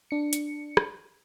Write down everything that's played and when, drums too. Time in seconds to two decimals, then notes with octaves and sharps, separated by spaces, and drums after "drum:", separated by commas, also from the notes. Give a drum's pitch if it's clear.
0.11 D4 C#7
0.33 drum: hi-hat
0.77 drum: rim click